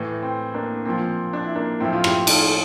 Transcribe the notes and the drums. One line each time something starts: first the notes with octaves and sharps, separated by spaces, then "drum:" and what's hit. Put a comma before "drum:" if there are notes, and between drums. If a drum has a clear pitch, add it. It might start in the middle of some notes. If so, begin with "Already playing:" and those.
Already playing: A2 E3
C4
A#3 D4
A#2 F3 C4
D4
E4
A#3 D4
A2 F3 C4 E4
F4
E4 G4, drum: rim click
F4 A4, drum: cymbal